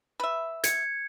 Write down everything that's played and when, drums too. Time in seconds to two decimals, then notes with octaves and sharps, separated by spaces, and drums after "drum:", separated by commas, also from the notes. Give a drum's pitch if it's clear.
0.20 B4 E5
0.64 G#6 C#7, drum: hi-hat